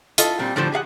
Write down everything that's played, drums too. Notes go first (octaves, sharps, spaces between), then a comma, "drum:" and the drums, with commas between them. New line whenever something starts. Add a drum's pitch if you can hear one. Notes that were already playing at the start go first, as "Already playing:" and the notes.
E4 F4 A4 D#5, drum: hi-hat
A#2 G3 C4
A2 D3 F3 G3 C5
G4 G#4 F5 F#5